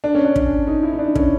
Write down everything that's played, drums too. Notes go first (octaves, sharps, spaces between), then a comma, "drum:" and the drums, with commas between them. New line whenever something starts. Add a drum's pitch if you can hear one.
D4
C#4
D4
drum: kick
D#4
E4
D#4
D4
C#4, drum: kick